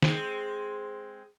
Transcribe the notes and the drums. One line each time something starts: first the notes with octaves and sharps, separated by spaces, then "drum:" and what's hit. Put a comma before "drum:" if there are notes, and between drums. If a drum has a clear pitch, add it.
G#3 C4, drum: snare D#3